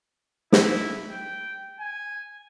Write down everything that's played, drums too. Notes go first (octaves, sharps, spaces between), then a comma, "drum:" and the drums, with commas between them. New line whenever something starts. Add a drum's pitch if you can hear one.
E4, drum: snare
G5
G#5